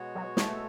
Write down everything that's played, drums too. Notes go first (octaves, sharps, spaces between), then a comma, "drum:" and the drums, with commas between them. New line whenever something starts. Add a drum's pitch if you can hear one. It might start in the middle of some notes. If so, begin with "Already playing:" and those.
Already playing: B2 G#3 B3 F#4 C#5
F#3
A3, drum: snare